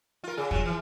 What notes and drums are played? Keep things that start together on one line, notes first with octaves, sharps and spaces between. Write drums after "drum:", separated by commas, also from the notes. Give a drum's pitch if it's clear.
F4 A#4
C#3 G#4
F#3 F4, drum: kick
E3